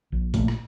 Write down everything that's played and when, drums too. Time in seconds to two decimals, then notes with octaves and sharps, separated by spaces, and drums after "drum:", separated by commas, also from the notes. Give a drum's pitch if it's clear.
0.12 A#1
0.34 A#2 A3, drum: kick, hi-hat
0.48 drum: rim click